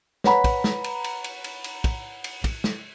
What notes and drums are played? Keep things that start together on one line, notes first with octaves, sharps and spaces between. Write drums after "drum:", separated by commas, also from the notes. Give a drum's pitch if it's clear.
B4 C#5 F#5 A#5 B5, drum: snare
drum: kick, cymbal
drum: snare
drum: cymbal
drum: cymbal
drum: cymbal
drum: cymbal
drum: cymbal
drum: kick, cymbal
drum: cymbal
drum: kick, cymbal
drum: snare